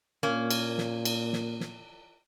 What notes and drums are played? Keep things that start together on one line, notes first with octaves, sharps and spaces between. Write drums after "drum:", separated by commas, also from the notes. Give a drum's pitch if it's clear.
A#2 A#3 C#4
drum: cymbal
drum: snare
drum: cymbal
drum: snare
drum: snare